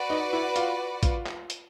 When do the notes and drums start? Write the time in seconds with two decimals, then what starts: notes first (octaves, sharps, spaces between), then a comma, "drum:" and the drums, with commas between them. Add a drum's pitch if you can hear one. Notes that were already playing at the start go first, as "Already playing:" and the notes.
Already playing: F#4 B4 D5 F#5
0.10 D#4
0.33 E4
0.56 F4, drum: hi-hat
1.03 F4, drum: kick, hi-hat
1.26 drum: clap
1.50 drum: hi-hat